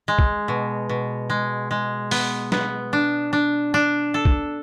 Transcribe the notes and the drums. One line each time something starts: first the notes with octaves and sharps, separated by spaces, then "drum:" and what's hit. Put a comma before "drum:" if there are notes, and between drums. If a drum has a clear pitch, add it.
G#3
drum: kick
B2
B2
G#3
G#3
B3, drum: open hi-hat
B3, drum: snare
D4
D4
D4
A4
drum: kick